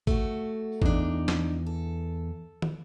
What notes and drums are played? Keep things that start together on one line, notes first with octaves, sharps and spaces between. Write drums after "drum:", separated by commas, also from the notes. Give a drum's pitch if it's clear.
A3 F#4, drum: kick
E2 D4 D#4, drum: kick
drum: snare
A4
drum: tom